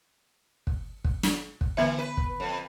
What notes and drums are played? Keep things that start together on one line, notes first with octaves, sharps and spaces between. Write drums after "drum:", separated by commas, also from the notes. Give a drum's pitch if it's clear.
drum: kick
drum: kick
drum: snare
drum: kick
D3 E3 B3 E5
B4
drum: kick
F2